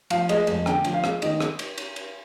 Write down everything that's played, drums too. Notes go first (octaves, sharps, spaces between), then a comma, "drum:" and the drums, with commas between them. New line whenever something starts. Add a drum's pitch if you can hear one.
F3 F5, drum: cymbal
G#3 D#5, drum: cymbal
F2 D#5, drum: cymbal
D3 G5, drum: rim click
F3, drum: cymbal
F5
G#3, drum: rim click
D#3 D#5, drum: cymbal
drum: rim click
drum: cymbal
drum: cymbal
drum: cymbal